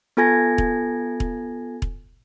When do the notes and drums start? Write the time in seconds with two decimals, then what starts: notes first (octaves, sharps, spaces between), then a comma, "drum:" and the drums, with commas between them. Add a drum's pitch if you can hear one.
0.17 B3 F4 A4 G#5 G#6 A#6
0.58 drum: kick E1
1.20 drum: kick E1
1.82 drum: kick E1